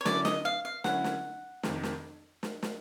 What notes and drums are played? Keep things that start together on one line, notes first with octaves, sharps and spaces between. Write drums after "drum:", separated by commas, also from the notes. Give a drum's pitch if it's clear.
C#5
D3 F#3 A3 C#4 E4 D5, drum: snare
D#5, drum: snare
F5
F5
D3 F#3 A3 C#4 E4 F#5, drum: snare
drum: snare
F2 C3 D#3, drum: snare
drum: snare
drum: snare
drum: snare